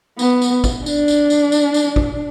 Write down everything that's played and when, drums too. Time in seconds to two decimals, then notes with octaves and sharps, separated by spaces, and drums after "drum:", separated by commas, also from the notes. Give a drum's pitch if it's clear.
0.19 B3, drum: tambourine
0.42 drum: tambourine
0.64 drum: kick, tambourine
0.86 D4, drum: tambourine
1.08 drum: tambourine
1.30 drum: tambourine
1.52 drum: tambourine
1.74 drum: tambourine
1.96 drum: kick